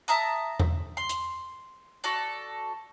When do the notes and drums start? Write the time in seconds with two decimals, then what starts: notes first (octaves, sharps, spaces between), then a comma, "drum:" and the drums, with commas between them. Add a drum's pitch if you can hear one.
0.08 E5 A5 A#5 D#6
0.60 drum: tom E2
0.97 C6
1.09 drum: hi-hat
2.04 F#4 A4 D5